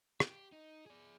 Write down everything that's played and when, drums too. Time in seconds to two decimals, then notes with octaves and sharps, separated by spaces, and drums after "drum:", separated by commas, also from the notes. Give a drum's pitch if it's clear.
0.20 G4, drum: rim click
0.52 D#4
0.86 G#4 D5